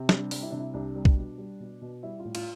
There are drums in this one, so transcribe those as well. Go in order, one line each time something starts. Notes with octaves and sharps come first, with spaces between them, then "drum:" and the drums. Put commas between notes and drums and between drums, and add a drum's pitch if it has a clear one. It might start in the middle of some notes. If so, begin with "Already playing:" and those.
Already playing: C3
G3 D4, drum: snare
G3, drum: open hi-hat
E4
C3 D4
E4
C2 D4
G3
drum: kick
B2
G3
B2
B2
G3 E4
F4
A2
F4, drum: cymbal